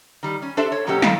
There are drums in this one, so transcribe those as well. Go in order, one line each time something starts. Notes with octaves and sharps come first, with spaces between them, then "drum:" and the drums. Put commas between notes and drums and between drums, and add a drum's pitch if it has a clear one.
D#3 G3
C#4
D4 G4 A4 C5 E5 A5
C#5
B2 F#3 A#3 C#4 G4 A4
A2 D#3 E4 F5, drum: snare